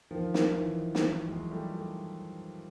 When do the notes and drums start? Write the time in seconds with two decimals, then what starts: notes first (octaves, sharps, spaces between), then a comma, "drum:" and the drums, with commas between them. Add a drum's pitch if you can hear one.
0.11 D#3 F3
0.34 D#3, drum: snare
0.58 E3
0.95 drum: snare
1.05 E3 F#3
1.28 F#3 G#3
1.51 G3 A3
1.74 G3 A3